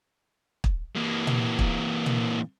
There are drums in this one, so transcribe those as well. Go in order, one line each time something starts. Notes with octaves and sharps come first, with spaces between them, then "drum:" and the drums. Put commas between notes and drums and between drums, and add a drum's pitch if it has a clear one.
drum: kick
E3 A#3
drum: tom A#2
drum: kick
drum: tom A#2